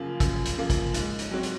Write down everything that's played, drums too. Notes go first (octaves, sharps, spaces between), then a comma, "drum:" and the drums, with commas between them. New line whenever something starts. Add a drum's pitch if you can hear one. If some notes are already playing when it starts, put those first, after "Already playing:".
Already playing: F#2 C#3 F3 A#3
F#2, drum: kick, hi-hat
drum: hi-hat
C#3 F3 A#3
drum: kick, hi-hat
G#2, drum: hi-hat
drum: hi-hat
F#3 C4 F#4 C#5
drum: hi-hat